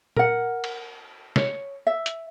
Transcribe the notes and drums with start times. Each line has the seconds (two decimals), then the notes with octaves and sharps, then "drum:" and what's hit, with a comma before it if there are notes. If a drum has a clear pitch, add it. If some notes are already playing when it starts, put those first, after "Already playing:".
0.16 A#4 F#5, drum: tom A#2
0.64 drum: cymbal
1.36 C#5, drum: snare
1.87 E5
2.06 drum: hi-hat